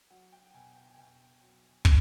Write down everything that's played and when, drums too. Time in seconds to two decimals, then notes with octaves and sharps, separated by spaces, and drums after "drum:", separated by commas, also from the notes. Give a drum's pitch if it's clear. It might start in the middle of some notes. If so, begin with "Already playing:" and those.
0.10 F#3 F#5
0.32 G5
0.54 B2 G#5
0.76 G5
0.93 G#5
0.98 B2 G5
1.42 F#3
1.85 drum: kick